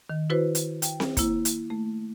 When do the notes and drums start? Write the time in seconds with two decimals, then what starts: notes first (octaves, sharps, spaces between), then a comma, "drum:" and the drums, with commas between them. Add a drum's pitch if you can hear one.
0.10 D#3
0.30 E4 F#4 B4 C5
0.55 drum: hi-hat
0.82 G5, drum: hi-hat
1.00 drum: snare C4
1.17 A#3 E4, drum: kick, hi-hat
1.45 drum: hi-hat
1.70 A3